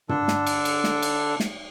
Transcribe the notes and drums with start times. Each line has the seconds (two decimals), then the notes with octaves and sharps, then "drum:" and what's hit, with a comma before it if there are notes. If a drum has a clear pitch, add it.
0.09 D3 D4 A4, drum: tom
0.28 drum: snare
0.47 drum: cymbal
0.65 drum: cymbal
0.84 drum: snare
1.02 drum: cymbal
1.40 drum: snare